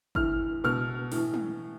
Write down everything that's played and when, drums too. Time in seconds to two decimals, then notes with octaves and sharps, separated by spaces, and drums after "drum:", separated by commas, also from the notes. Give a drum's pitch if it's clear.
0.15 A2 E3 F6, drum: kick G1
0.64 B2 F6
1.12 A2 E3, drum: open hi-hat
1.34 drum: tom